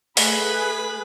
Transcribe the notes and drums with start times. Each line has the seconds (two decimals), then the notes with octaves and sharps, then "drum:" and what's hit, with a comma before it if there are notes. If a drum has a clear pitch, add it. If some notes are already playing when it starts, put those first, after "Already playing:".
0.17 A3 G#4 B4 B5, drum: open hi-hat